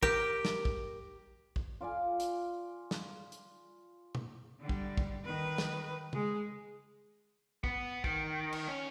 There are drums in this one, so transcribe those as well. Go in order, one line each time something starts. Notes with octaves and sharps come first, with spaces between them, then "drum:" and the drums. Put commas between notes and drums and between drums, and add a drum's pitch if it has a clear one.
G4 A#4, drum: kick
drum: snare
drum: kick
drum: kick
F4 D5 F5 G#5
drum: hi-hat
drum: snare
drum: hi-hat
drum: tom
D3 G3
drum: kick
drum: kick
D#3 B4
drum: snare
G#3 G#4, drum: tom
B3, drum: kick
D#3, drum: kick
drum: cymbal
C#4